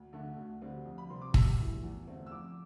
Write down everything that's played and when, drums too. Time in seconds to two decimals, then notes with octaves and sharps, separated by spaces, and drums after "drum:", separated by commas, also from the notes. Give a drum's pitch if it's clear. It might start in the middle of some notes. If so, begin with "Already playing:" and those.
Already playing: D2
0.13 D3 A3 D4
0.37 D2
0.61 D3 G3 C4
0.86 F2
0.98 B5
1.10 C3 G3 C4 C6
1.22 D6
1.34 G2 E6, drum: kick
1.58 E3 A3
1.82 E2
2.07 D3 A3 C4
2.27 E6
2.31 F2 D6